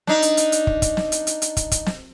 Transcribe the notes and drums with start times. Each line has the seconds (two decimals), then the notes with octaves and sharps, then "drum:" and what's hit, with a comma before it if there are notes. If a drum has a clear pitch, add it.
0.07 D4 D#4, drum: snare
0.22 drum: hi-hat
0.37 drum: hi-hat
0.52 drum: hi-hat
0.67 drum: kick
0.82 drum: kick, hi-hat
0.97 drum: snare
1.12 drum: hi-hat
1.27 drum: hi-hat
1.42 drum: hi-hat
1.57 drum: kick, hi-hat
1.71 drum: kick, hi-hat
1.86 drum: snare